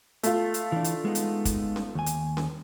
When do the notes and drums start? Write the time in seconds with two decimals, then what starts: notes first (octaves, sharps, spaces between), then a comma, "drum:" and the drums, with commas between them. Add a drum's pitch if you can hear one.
0.23 A3 F4, drum: hi-hat
0.54 drum: hi-hat
0.72 E3 D4
0.84 drum: hi-hat
1.05 G#3 B3 D#4
1.15 drum: hi-hat
1.45 drum: kick, hi-hat
1.76 drum: snare C#4
1.95 D#2 G#5
2.06 drum: hi-hat
2.37 drum: snare C#4